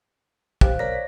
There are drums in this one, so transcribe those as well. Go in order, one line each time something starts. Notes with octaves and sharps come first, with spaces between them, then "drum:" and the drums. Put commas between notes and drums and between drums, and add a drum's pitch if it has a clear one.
G4 C5 F5 F#6, drum: kick
B1 A#4 C#5 D5 A#6 B6